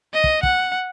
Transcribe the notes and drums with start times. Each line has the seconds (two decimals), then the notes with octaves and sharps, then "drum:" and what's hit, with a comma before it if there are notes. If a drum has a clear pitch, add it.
0.14 D#5
0.24 drum: kick
0.43 F#5, drum: kick